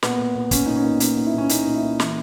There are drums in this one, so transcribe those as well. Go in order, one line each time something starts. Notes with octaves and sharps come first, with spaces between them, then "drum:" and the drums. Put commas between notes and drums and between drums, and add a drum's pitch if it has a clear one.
A#2 B3, drum: snare
A#2
A#2
A#2 C#4, drum: kick, hi-hat
A#2 D#4
C#4
A#2
A#2 D#4, drum: hi-hat
A#2
E4
A#2 C#4
A#2 D#4, drum: hi-hat
A#2
E4
A#2
E3, drum: snare